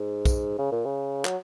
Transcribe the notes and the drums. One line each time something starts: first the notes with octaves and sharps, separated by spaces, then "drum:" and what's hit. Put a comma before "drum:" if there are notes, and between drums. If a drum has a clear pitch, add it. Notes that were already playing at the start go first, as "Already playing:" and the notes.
Already playing: G#2
drum: kick, tambourine
C#3
A#2
C#3
F#3, drum: clap